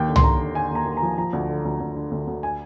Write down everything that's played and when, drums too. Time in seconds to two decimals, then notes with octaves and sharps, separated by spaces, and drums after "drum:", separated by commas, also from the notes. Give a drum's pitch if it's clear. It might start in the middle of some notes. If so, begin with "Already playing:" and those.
Already playing: D#2 G5
0.08 D3
0.16 C6, drum: tom C2
0.23 D#2 A#5
0.40 D3
0.55 D3 G#5
0.71 D#2 A#5
0.86 D#2
0.97 A#5
1.02 F3
1.18 F3 A#5
1.33 D2
1.49 D3
1.64 D2
1.80 D2
1.96 D3
2.11 D2
2.28 D2
2.43 G#5